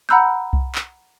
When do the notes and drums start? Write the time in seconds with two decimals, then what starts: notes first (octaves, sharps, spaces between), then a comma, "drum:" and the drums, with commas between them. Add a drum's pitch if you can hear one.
0.09 F#5 A#5 B5 E6 F#6 G6
0.53 drum: kick C2
0.75 drum: clap